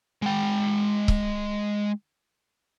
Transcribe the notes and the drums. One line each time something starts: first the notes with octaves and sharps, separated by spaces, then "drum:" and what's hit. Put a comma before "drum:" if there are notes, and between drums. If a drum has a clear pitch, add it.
G#3 G5
drum: kick C#1